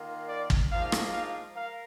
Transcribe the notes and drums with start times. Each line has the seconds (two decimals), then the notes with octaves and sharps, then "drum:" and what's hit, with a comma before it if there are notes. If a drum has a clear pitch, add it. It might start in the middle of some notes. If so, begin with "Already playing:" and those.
Already playing: D#3 A#3 F4
0.28 D5
0.50 drum: kick
0.71 G#2 F3 A#3 F5
0.92 drum: rim click
1.13 F5
1.55 A#4 F5